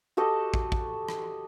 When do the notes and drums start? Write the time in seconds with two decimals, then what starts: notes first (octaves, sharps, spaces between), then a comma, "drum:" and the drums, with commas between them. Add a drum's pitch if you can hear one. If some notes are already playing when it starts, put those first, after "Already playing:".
0.17 F#4 G4 A4 D#5
0.54 drum: kick
0.72 drum: kick
1.09 drum: rim click